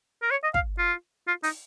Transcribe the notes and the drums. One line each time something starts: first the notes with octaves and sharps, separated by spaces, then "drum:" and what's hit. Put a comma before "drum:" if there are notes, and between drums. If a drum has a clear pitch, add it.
A#4
C#5
D#5
F5, drum: kick
F4
F4
D#4, drum: open hi-hat